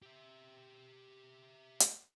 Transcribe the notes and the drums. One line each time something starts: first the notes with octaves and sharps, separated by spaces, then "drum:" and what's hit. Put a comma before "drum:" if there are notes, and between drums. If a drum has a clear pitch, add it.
G4 E5
drum: hi-hat